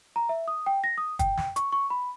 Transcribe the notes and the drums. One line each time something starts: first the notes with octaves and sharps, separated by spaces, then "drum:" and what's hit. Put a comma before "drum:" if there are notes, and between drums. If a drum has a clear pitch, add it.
A#5
E5
D#6
G5
A#6
D#6
G5, drum: kick, hi-hat
drum: snare
C#6, drum: hi-hat
C#6
B5